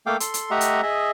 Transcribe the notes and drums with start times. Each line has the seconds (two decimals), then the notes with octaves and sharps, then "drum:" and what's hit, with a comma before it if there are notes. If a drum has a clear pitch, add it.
0.06 A3 A#3 A4 F5 G5 D6
0.20 A4 C6, drum: hi-hat
0.34 drum: hi-hat
0.51 A3 G4 D#5 E5 F#5 A#5
0.61 drum: hi-hat
0.83 G#4 D#5 E5